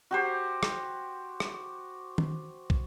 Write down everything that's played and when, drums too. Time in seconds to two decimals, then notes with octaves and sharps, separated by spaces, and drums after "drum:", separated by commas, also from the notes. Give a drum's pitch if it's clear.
0.11 F#4 G4 C5
0.63 drum: rim click
1.40 drum: rim click
2.18 drum: tom D#3
2.70 drum: kick